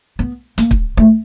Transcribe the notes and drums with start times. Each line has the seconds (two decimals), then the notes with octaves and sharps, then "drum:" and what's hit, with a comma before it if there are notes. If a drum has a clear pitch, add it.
0.19 B3
0.58 A#3, drum: hi-hat
0.71 drum: kick
0.97 A3